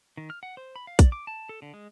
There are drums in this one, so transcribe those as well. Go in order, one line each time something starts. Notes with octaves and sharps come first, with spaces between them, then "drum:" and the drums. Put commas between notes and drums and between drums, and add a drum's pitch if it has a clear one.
D#3
F6
F#5
C5
B5
F5
D5, drum: kick, hi-hat
D6
A5
A4
D3
G#3